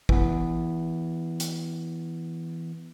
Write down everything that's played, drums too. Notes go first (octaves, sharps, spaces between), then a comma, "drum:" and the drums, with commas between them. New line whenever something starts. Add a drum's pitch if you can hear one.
E3 B3, drum: kick A1
drum: hi-hat